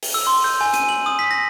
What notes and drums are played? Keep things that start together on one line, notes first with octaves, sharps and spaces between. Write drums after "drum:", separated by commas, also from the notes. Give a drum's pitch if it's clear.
drum: open hi-hat
E6
C6
G6
G#5
D#7, drum: hi-hat
F#7
D#6
B6
A#6